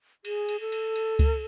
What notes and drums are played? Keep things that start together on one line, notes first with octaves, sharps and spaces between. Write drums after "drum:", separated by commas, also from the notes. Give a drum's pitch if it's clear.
G#4, drum: cymbal
drum: cymbal
A4
drum: cymbal
drum: cymbal
drum: kick C#2, cymbal